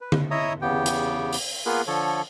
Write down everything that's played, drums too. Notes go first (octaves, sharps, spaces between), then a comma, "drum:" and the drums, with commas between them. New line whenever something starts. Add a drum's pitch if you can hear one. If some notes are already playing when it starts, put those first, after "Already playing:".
B4
drum: tom D3
E4 C#5 D#5 E5 A#5 D#6
E2 C#3 B3 G4 G5
drum: hi-hat
drum: open hi-hat
A#3 B3 F4 G#4 A#4 B4
D3 F3 A4 C#5